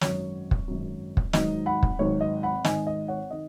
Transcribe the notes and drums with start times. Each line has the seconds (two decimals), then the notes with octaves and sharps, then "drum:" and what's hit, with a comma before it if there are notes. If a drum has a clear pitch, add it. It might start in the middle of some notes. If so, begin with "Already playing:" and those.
0.01 G#1 F#2 F#3 C#5, drum: snare
0.51 drum: kick
0.68 G#1 F#2 F#3
1.17 drum: kick
1.33 G#1 G#2 F#3 D#4 D#5, drum: snare
1.66 F#5 B5
1.83 drum: kick
1.99 G#1 G#2 F#3 D#4 C#5
2.21 D#5
2.43 F#5 B5
2.65 G#1 G#2 D#3 D#5 G#5, drum: snare
2.87 D#5
3.08 C#5 F#5
3.31 D#3 D#5